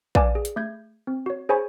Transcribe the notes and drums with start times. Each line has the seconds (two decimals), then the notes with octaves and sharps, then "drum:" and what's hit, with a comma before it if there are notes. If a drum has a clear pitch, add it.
0.15 B4 D5 F5 G#5 A5 D6, drum: kick A#1
0.35 G#4
0.45 drum: hi-hat
0.56 A3 G6 G#6
1.07 C4
1.26 F#4 C#5
1.49 G#4 C5 C#5 G#5 B5 C#6